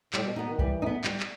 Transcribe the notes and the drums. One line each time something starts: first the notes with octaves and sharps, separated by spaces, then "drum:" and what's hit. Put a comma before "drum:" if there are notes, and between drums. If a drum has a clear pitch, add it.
A2 G3, drum: clap
B2
B2 B3 D#4
D#3
E3 G3, drum: kick C2
D#4
B3
G3, drum: clap
drum: clap